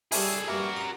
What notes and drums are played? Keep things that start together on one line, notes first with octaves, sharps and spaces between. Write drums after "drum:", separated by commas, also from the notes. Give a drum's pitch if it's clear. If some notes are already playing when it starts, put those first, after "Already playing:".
G3 C#4 E4 G#4 A4, drum: open hi-hat
G2 A#3 E4 F#4 A#4
A#5 C6